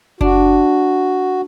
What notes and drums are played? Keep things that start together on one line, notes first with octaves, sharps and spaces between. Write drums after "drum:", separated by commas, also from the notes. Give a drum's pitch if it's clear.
D4 F#4, drum: kick F#1